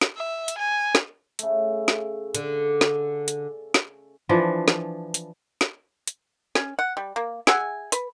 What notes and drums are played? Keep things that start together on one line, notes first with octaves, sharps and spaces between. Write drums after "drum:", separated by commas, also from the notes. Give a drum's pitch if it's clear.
drum: snare
E5
drum: hi-hat
G#5
drum: snare
C#3 A3, drum: hi-hat
drum: snare
D3, drum: hi-hat
drum: snare
drum: hi-hat
drum: snare
E3 F3 D4
drum: snare
drum: hi-hat
drum: snare
drum: hi-hat
C#4, drum: snare
F#5
G3
A#3
G#4 E5 F#5 G#5, drum: snare
B4, drum: hi-hat